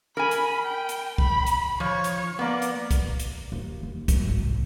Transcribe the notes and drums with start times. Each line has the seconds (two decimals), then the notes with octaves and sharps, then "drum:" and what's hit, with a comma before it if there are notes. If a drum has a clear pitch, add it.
0.17 A#4 G#5 B5
0.31 drum: hi-hat
0.65 G5
0.89 drum: hi-hat
1.18 B5, drum: kick
1.47 drum: hi-hat
1.80 F3 C#5
2.04 drum: hi-hat
2.39 A#3 B3 D5
2.62 drum: hi-hat
2.91 drum: kick, hi-hat
3.19 drum: hi-hat
3.52 D#2
3.83 D#2
4.08 F#2, drum: kick, hi-hat
4.27 G#1
4.42 C2